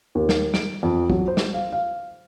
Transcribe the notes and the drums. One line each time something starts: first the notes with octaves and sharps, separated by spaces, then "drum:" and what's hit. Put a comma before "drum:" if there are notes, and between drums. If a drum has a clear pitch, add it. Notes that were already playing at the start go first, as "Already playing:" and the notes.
D#2
drum: snare
D7, drum: snare
F2
F#3, drum: kick A#1
C5
drum: snare
F5
F5